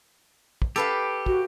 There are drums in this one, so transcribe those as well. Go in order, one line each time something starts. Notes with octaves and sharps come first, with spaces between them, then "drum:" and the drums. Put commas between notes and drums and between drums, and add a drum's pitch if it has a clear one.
drum: kick
G4 A4 B4 F5
F#4, drum: kick